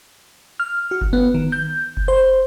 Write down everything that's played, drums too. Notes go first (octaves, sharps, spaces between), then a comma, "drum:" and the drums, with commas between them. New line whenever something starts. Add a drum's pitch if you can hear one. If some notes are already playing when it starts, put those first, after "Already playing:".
F6
F#4
drum: kick F#1
B3
D#3
G6
drum: kick F#1
C5